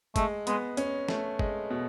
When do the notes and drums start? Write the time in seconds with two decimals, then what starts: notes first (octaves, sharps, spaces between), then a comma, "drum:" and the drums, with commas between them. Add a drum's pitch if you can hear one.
0.16 G#3 A3, drum: kick, hi-hat
0.47 G#3 B3, drum: hi-hat
0.77 C#4, drum: hi-hat
1.09 A3, drum: snare
1.39 G#3, drum: kick
1.70 B2